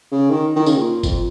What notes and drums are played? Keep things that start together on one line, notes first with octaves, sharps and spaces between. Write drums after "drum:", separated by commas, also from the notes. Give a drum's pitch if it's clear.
C#3
D#3
D#3
C#3, drum: tambourine
A#2
F2, drum: kick G1, tambourine